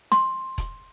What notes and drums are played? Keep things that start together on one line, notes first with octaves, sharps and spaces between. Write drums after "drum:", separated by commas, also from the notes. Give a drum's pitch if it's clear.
C6, drum: snare
drum: kick E1, hi-hat